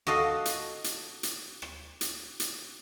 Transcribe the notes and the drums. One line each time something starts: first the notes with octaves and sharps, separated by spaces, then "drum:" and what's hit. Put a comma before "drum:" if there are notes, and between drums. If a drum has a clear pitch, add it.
F#4 A4 D#5 F5, drum: rim click
drum: hi-hat
drum: hi-hat
drum: hi-hat
drum: rim click
drum: hi-hat
drum: hi-hat